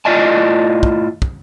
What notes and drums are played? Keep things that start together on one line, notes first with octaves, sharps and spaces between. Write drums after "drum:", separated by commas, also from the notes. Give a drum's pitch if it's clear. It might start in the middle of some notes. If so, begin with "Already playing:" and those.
A2 F4 D5 D#5 G#5 A5
drum: kick
drum: kick